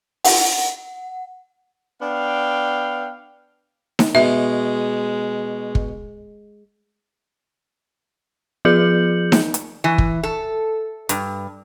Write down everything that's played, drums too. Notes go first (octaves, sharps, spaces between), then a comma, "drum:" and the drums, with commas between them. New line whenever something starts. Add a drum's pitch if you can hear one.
F#5, drum: open hi-hat
B3 D4 F5 G5
drum: snare D#4
B2 G#3 E5
drum: kick
F3 F4 G#4 G6 C#7 F#7
drum: snare D#4
drum: hi-hat
E3
drum: kick
A4
G2, drum: hi-hat